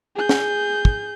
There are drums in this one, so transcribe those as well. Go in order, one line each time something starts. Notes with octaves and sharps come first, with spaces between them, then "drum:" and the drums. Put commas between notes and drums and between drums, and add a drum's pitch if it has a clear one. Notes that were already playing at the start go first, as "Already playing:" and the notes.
G#4 G6
drum: snare
drum: kick